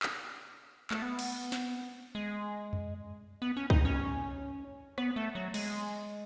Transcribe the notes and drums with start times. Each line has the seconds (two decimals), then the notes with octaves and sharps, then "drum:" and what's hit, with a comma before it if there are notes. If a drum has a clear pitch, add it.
0.03 drum: clap
0.91 A3, drum: clap
1.02 B3
1.19 drum: cymbal
1.52 drum: snare
2.15 G#3
2.73 drum: tom F2
3.42 B3
3.57 C#4
3.70 D#4, drum: kick
3.85 C#4
4.98 B3, drum: rim click
5.16 A3
5.35 F#3
5.54 G#3, drum: cymbal